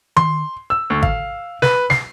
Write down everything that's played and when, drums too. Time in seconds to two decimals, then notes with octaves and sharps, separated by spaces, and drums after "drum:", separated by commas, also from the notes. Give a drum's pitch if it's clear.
0.17 C6, drum: tom D#3
0.70 E6
0.90 D2
1.03 F5, drum: kick G#1
1.62 B4, drum: snare
1.90 C7, drum: snare